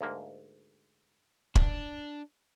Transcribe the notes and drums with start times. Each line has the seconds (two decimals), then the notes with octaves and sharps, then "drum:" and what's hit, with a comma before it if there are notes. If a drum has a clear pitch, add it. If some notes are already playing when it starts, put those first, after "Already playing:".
0.01 D2 G#2 A#3
1.55 D4, drum: kick